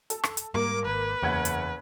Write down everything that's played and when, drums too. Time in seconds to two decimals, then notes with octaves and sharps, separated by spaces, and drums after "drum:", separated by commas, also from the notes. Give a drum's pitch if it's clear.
0.10 A4, drum: hi-hat
0.24 drum: rim click
0.37 drum: hi-hat
0.54 G#2 G3 A#3 D6
0.85 G#1 B4
1.22 F#1 E2 F#5 G#6
1.45 drum: hi-hat